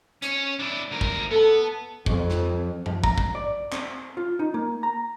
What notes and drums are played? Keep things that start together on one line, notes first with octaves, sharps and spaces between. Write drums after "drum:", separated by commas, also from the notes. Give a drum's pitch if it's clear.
C#4 C#5, drum: hi-hat
D4 E4
D2 A#4
drum: kick
B3 A4
F2, drum: kick
drum: snare
F3, drum: tom F#2
A#5, drum: kick
drum: kick
D5
C4, drum: clap
F4
D#4
A#3
A#5